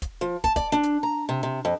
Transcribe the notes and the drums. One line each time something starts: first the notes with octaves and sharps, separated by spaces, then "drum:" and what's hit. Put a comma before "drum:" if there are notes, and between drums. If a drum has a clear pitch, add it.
drum: kick, hi-hat
F3
A5, drum: kick, hi-hat
D5, drum: kick, hi-hat
D4, drum: hi-hat
drum: hi-hat
A#5
C3
C3
F2